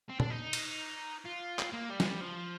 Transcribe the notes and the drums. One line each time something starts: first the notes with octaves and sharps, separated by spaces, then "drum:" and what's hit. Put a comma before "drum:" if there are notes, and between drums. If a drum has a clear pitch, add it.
C4
D4, drum: tom
D#4
drum: cymbal
F4
drum: clap
A#3
G3
G#3, drum: snare
G3
F3